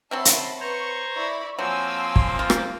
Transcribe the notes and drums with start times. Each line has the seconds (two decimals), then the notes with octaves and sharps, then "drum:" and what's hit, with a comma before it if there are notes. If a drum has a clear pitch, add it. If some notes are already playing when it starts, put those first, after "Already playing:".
0.11 F#3 C4 E5 A5 B5 C6
0.25 drum: hi-hat
0.60 B4 C5 A#5 C#6 G#6
1.15 E4 D5 B5 C#6
1.59 F3 F#3 A#3 C4 G#5 C6 E6
2.16 drum: kick
2.39 F4
2.50 drum: rim click